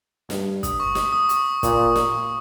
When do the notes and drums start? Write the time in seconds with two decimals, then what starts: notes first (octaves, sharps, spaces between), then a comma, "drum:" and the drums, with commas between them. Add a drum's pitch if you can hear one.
0.30 G2, drum: snare
0.63 D#6, drum: kick, hi-hat
0.80 C#6
0.95 D#6, drum: snare
1.13 D#6
1.29 C#6, drum: hi-hat
1.63 A#2, drum: kick, hi-hat
1.96 drum: snare